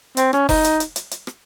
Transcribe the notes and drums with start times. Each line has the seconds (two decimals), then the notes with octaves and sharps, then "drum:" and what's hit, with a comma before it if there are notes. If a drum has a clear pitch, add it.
0.17 C4, drum: hi-hat
0.33 C#4, drum: rim click
0.49 D#4, drum: kick F1, open hi-hat
0.64 drum: hi-hat
0.80 drum: hi-hat
0.96 drum: hi-hat
1.11 drum: hi-hat
1.27 drum: rim click